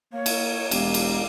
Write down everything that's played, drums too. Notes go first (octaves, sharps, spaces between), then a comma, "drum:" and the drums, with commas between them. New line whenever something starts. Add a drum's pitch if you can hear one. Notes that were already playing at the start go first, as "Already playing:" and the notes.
A#3 C#5
drum: cymbal
E1 G4 F5, drum: cymbal
drum: cymbal